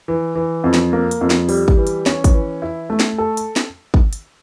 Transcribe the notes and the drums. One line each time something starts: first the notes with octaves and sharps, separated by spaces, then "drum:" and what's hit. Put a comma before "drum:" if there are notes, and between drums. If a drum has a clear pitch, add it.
E3
E3
F2
drum: snare
A#3
drum: hi-hat
F2
drum: snare
G3, drum: open hi-hat
drum: kick
E3
drum: hi-hat
C#4, drum: snare
drum: kick, hi-hat
E3
E4
A3
drum: snare
A4
drum: hi-hat
drum: snare
drum: kick
drum: hi-hat